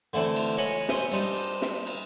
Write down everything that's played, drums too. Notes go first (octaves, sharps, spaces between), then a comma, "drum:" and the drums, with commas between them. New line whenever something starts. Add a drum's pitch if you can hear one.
D3 E3 A3 C4 D4
drum: cymbal
C#5 D#5 G#5 B5 C#6
C5 C#5 D#5 E5 G#5, drum: snare
G3 C4 D4 D#4, drum: cymbal
drum: cymbal
drum: snare
drum: cymbal